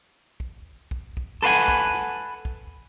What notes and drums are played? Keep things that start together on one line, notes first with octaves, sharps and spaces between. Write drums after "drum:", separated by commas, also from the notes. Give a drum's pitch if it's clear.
drum: kick
drum: kick
drum: kick
A4 B4 C5 F#5 G#5
drum: kick
drum: snare
drum: kick